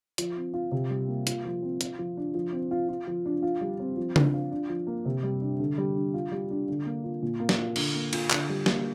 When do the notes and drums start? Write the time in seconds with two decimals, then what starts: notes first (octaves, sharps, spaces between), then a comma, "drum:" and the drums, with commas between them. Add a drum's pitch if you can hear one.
0.18 F3, drum: hi-hat
0.36 C4
0.54 F4
0.72 C3
0.90 G3
1.08 A#3
1.27 F4, drum: hi-hat
1.45 F3
1.63 C4
1.81 F4, drum: hi-hat
1.99 F3
2.17 D4
2.34 F3
2.52 C4
2.71 F4
2.89 F4
3.07 F3
3.26 D4
3.42 F4
3.61 G3
3.80 C4
3.97 F3
4.16 D4, drum: tom C#3
4.34 F4
4.52 D4
4.69 F3
4.87 A#3
5.05 C3
5.23 G3
5.42 D4
5.59 D3
5.78 G3
5.96 D4
6.14 F4
6.32 G3
6.51 D4
6.68 D3
6.86 A#3
7.04 F4
7.22 A#2
7.40 A#3
7.49 drum: snare
7.58 F4
7.76 D3, drum: cymbal
7.95 A#3
8.13 F4, drum: cymbal
8.31 D3, drum: clap
8.49 G3
8.66 A#3, drum: snare